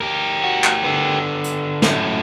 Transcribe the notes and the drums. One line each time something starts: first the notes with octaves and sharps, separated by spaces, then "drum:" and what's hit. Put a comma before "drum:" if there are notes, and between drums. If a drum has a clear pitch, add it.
G4 A#4
F#4
drum: clap
D3 B3
drum: hi-hat
F#2 A2, drum: snare